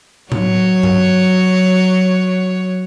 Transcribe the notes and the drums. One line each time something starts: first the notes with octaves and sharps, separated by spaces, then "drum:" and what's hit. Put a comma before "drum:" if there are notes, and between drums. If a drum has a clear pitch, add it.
F#3 C#5, drum: tom A2
drum: tom G2